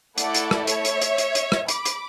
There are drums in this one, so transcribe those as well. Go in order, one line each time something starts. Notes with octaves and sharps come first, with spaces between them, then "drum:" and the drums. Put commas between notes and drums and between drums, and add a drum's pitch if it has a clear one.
A3 E4 A4 D5 F#5, drum: hi-hat
drum: hi-hat
drum: rim click
C#5 E5, drum: hi-hat
drum: hi-hat
drum: hi-hat
drum: hi-hat
drum: hi-hat
drum: rim click
B5 D6, drum: hi-hat
drum: hi-hat